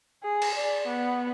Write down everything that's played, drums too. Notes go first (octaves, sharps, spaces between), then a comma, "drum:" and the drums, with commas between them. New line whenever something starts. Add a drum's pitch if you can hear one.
G#4
drum: cymbal
D5
B3